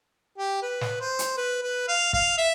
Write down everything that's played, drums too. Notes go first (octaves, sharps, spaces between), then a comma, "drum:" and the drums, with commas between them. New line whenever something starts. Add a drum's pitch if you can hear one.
G4
B4
drum: snare
C5
drum: hi-hat
B4
B4
F5
F5, drum: kick
E5